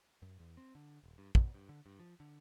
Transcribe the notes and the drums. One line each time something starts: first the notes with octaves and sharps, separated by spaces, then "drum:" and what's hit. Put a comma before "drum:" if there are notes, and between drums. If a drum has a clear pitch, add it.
F#2
E2
C4
D3
D#1
G2
B2, drum: kick
G2
D3
G2
F3
D3